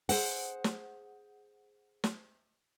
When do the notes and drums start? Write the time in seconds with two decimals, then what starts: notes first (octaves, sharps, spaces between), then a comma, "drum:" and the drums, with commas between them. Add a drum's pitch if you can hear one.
0.09 G#4 C5 F#5, drum: open hi-hat
0.64 drum: snare
2.04 drum: snare